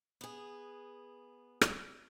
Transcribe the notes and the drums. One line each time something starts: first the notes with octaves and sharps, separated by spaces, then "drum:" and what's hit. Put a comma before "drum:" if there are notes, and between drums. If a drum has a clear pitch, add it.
B3 G#4
drum: rim click